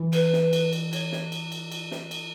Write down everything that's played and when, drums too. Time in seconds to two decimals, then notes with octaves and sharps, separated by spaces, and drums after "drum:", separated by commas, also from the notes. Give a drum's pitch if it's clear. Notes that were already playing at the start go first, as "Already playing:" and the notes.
Already playing: E3
0.13 B4, drum: cymbal
0.33 drum: snare
0.53 drum: cymbal
0.73 drum: cymbal
0.93 C#5, drum: cymbal
1.12 drum: snare
1.32 drum: cymbal
1.52 drum: cymbal
1.72 drum: cymbal
1.91 drum: snare
2.11 drum: cymbal